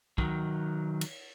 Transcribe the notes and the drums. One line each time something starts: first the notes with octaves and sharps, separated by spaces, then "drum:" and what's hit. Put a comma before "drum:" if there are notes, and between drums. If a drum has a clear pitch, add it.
D#3 F#3, drum: kick
drum: cymbal